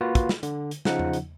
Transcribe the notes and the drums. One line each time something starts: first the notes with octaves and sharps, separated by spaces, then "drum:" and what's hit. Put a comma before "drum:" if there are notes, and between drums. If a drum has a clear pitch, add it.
A#3 F4 F#4 B4
drum: kick, hi-hat
drum: snare
D3, drum: hi-hat
drum: hi-hat
C#3 F3 D#4 F#5, drum: snare
drum: tom E2
drum: hi-hat